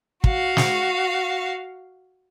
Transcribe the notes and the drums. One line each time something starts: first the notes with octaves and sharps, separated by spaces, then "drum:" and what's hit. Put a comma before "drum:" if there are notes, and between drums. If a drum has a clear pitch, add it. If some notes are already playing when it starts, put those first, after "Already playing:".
F#4 F5, drum: kick
drum: snare